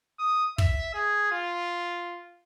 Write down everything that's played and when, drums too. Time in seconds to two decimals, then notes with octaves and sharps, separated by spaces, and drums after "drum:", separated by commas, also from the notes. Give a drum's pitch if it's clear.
0.19 D#6
0.58 E5, drum: kick
0.94 G#4
1.32 F4